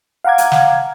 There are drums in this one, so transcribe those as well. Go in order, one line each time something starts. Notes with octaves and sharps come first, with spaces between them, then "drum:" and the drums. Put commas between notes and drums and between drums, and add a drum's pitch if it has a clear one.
F5 F#5 A#5 D6 G#6
drum: hi-hat
drum: snare